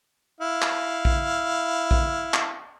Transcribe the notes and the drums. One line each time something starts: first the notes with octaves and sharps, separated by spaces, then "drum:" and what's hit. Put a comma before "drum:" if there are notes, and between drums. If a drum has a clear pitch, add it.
E4 F5
drum: clap
drum: kick A#1
drum: kick A#1
drum: clap